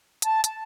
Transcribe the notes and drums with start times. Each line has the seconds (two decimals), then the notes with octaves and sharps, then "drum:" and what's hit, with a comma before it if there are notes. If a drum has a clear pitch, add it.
0.22 A5, drum: hi-hat
0.44 A5, drum: hi-hat